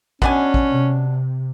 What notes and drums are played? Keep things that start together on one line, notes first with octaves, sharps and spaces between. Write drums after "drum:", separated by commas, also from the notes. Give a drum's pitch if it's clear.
B2 C#4 D4 G#5, drum: kick A1
drum: kick A1
C3